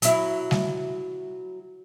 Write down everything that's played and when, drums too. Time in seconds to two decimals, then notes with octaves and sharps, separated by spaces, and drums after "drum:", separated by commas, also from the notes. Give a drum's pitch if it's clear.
0.02 F#3 E4, drum: hi-hat
0.51 drum: snare G3